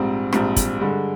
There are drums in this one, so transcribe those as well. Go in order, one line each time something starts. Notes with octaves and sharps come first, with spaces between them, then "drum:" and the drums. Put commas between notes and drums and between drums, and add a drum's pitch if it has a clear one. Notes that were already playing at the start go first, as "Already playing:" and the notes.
Already playing: A#1 G#2 G3 C4
A#1 G#2 G3 C4, drum: rim click
drum: kick, hi-hat
G2 D3 G#3